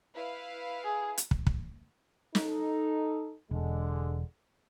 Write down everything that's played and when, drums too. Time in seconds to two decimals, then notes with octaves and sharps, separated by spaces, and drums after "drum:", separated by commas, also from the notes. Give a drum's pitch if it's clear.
0.14 E4 B4 F5
0.84 G#4
1.18 drum: hi-hat
1.31 drum: kick
1.47 drum: kick
2.35 D#4 A4, drum: snare
3.51 E1 D3 G#3